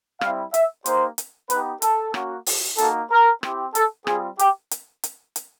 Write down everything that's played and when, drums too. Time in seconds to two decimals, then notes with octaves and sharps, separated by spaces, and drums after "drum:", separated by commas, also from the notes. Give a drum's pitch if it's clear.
0.21 G3 C4 E4 F5, drum: rim click
0.54 E5, drum: hi-hat
0.86 A#3 D#4 G4 C5, drum: hi-hat
1.18 drum: hi-hat
1.50 B3 D#4 G4 B4, drum: hi-hat
1.82 A4, drum: hi-hat
2.14 A#3 C#4 F#4, drum: rim click
2.46 drum: open hi-hat
2.78 A#3 D#4 F#4 A4, drum: hi-hat
3.11 A#4
3.43 C4 E4 G4, drum: rim click
3.75 A4, drum: hi-hat
4.07 G3 C4 F4 G#4, drum: rim click
4.39 G4, drum: hi-hat
4.71 drum: hi-hat
5.04 drum: hi-hat
5.36 drum: hi-hat